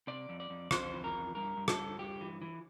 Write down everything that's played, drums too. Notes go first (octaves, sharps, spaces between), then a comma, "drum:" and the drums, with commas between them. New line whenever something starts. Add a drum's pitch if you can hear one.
C3 D5
F2
D5
F2
F2 C5, drum: rim click
E3
A#4
F2
G2 A#4
G2
A4, drum: rim click
G2
G2 G4
E3
E3